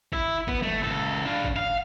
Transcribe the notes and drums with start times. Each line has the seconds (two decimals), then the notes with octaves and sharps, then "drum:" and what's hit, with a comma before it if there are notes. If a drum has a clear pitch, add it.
0.13 E4, drum: kick
0.48 B3, drum: kick
0.63 A3, drum: tom
0.83 C#2 A4
1.25 D4 F5
1.44 drum: kick
1.56 F5